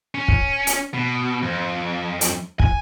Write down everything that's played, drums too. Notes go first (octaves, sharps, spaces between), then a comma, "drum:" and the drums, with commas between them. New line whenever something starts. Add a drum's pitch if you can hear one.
C#4
drum: kick
drum: hi-hat
B2
F2
drum: hi-hat
G#5, drum: kick